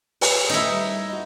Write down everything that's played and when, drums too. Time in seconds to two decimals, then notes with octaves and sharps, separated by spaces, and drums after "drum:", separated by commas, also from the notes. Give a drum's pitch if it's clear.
0.21 B4, drum: open hi-hat
0.49 A#2 A3 D#4 E4
0.68 G3
1.09 F#4 D#5